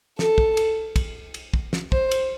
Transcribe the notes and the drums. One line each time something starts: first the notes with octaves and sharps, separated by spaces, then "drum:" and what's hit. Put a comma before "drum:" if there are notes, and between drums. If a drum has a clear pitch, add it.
A4, drum: snare
drum: kick
drum: cymbal
drum: kick, cymbal
drum: cymbal
drum: kick
drum: snare
C5, drum: kick
drum: cymbal